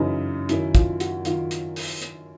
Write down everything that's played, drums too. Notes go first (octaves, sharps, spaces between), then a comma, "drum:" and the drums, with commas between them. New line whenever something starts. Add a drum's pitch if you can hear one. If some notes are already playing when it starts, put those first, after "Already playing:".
Already playing: F#2 C#3 E3 D#4
F#2 D#3 E4, drum: hi-hat
F4, drum: kick, hi-hat
F#4, drum: hi-hat
D#3 F4, drum: hi-hat
drum: hi-hat
drum: open hi-hat
drum: hi-hat